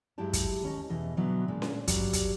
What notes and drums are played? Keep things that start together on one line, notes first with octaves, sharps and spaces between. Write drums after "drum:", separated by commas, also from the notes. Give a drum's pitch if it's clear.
G2 F#3 G#3 E4 G4 A5
drum: kick, hi-hat
D#2 C#4 D#5
E2 B2 E3 D#5
B2 D3 E3 F#3 B3
A#2 G#3 A#3 D4
drum: snare C#4
G2 F#3 G3, drum: kick, hi-hat
drum: kick, hi-hat